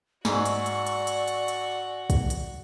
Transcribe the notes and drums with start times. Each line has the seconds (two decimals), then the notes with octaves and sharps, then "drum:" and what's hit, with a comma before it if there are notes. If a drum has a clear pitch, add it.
0.25 G#2 F#4 D5 G#5 C#6 E6, drum: snare
0.45 drum: hi-hat
0.66 drum: hi-hat
0.87 drum: hi-hat
1.07 drum: hi-hat
1.28 drum: hi-hat
1.48 drum: hi-hat
2.10 drum: kick, hi-hat
2.30 drum: hi-hat